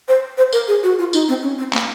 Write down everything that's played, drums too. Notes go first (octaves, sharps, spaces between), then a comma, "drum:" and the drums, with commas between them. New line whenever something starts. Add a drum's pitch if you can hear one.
C5
C5
A#4, drum: tambourine
G#4
F#4
F4
D#4, drum: tambourine
C4
C#4
C4
A#3, drum: clap